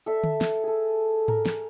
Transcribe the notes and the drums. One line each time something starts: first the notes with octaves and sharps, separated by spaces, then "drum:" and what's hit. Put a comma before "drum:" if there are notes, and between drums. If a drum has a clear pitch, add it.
A4 E5
drum: tom D3
drum: snare
G#4 A4
A#4, drum: tom G#2
drum: snare